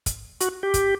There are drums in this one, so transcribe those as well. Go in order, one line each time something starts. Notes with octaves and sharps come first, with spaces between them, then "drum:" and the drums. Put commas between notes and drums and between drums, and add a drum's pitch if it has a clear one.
drum: kick, hi-hat
F#4, drum: hi-hat
G4
drum: kick, hi-hat